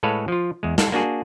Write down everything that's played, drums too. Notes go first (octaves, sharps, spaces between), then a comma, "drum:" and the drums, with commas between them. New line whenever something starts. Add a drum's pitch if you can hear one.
A2 G#3 A4 B4 C#5 F5
F3 F4
E2 G#3
A4 F5, drum: snare
A#3 D4 F#4 G#4